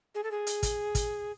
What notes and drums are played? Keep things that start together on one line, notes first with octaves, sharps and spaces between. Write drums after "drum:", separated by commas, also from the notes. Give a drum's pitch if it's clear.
G#4
A4
G#4
drum: hi-hat
drum: kick, hi-hat
drum: kick, hi-hat